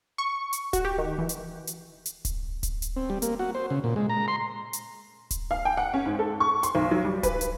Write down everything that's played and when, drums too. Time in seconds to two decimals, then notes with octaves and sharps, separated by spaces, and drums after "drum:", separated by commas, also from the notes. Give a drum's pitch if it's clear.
0.18 C#6
0.53 drum: hi-hat
0.73 F#4, drum: kick D1, hi-hat
0.85 G4
0.98 D#3
1.18 E3
1.29 drum: hi-hat
1.67 drum: hi-hat
2.06 drum: hi-hat
2.25 drum: kick D1, hi-hat
2.63 drum: kick D1, hi-hat
2.82 drum: hi-hat
2.96 C4
3.10 G3
3.22 A#3, drum: hi-hat
3.39 F#4
3.55 C5
3.70 C#3
3.84 A#2
3.96 G#3
4.10 A#5
4.28 C6
4.73 drum: hi-hat
5.31 drum: kick D1, hi-hat
5.51 F5
5.65 G5
5.77 F#5
5.94 C#4
6.06 G#2
6.19 A4
6.40 C#6
6.63 C6, drum: hi-hat
6.75 B1
6.91 F#3
7.05 G3
7.23 B4, drum: kick D1, hi-hat
7.41 drum: hi-hat